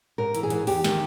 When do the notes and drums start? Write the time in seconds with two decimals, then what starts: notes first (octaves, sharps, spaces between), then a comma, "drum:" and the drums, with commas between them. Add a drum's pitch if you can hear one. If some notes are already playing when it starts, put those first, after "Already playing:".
0.18 G#2 A#4
0.35 E3, drum: hi-hat
0.43 G#4
0.50 G#2, drum: hi-hat
0.67 E2 G4, drum: open hi-hat
0.84 D#3, drum: snare